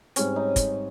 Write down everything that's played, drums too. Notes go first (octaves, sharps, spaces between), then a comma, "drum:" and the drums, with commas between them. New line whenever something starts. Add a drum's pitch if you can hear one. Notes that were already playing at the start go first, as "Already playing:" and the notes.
G#2 G3 C4 C#4, drum: hi-hat
D#4
drum: kick, hi-hat